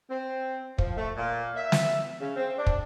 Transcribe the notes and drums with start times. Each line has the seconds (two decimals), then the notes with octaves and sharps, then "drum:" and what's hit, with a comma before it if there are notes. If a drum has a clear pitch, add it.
0.10 C4
0.78 F3, drum: kick
0.96 A3
1.17 A#2
1.56 E5
1.72 drum: snare
2.19 C#3
2.35 C4
2.57 D4
2.67 drum: kick